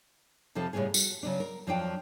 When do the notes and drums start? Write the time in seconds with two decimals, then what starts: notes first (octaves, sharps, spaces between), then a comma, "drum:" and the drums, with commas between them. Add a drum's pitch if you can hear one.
0.55 F2 C3 F3 A4
0.73 A2 C#3 G3 B3 G#4
0.94 F#4, drum: tambourine
1.23 C#3 F#3 B3 D4
1.40 A#4
1.67 F2 F3 F#3 D4 F4 G5